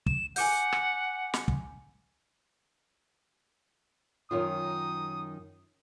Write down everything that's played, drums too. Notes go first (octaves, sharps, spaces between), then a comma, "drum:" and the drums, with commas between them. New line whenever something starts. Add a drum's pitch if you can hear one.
E7, drum: kick
F#5 G#5 D6 G6, drum: open hi-hat
drum: rim click
drum: snare
drum: kick
F#2 D#3 F4 D#6